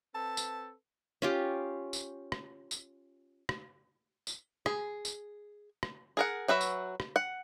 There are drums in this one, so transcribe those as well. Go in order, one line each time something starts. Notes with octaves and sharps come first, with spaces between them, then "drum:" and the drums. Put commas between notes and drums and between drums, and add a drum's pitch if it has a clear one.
C4 A4 B4 A5
drum: tambourine
C#4 F4 G4
drum: tambourine
drum: rim click
drum: tambourine
drum: rim click
drum: tambourine
G#4, drum: rim click
drum: tambourine
drum: rim click
G#4 A#4 F#5
F#3 F#4 B4 E5
drum: tambourine
drum: rim click
F#5